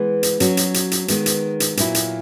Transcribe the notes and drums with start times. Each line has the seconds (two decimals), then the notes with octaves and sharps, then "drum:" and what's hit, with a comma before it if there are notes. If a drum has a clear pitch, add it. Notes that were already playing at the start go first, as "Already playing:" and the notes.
Already playing: E3 G#3 B3
0.23 drum: hi-hat
0.40 F#3 C#4 F#4, drum: hi-hat
0.57 drum: hi-hat
0.74 drum: hi-hat
0.91 drum: hi-hat
1.08 D#3 G#3 B3, drum: hi-hat
1.26 drum: hi-hat
1.60 drum: hi-hat
1.77 A#2 F#3 A#3 E4, drum: hi-hat
1.95 drum: hi-hat